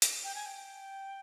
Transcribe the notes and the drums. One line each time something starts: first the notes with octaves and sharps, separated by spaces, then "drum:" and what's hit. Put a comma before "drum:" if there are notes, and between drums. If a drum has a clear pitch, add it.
drum: hi-hat
G5
G#5
G5